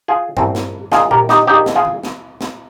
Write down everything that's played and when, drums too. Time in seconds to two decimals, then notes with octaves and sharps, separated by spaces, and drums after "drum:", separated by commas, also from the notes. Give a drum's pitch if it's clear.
0.08 F4 G#4
0.37 C2 A#2 F3 C4, drum: tom G2
0.55 drum: snare
0.92 A#1 A#2 G#3 F4 G#4, drum: snare
1.11 G4 A#4, drum: tom A#2
1.29 D#4 G4, drum: snare
1.47 A#1 A#2 G#3 D#4 G4
1.66 drum: snare
1.75 F4 G#4
1.85 drum: tom D#3
2.03 drum: snare
2.41 drum: snare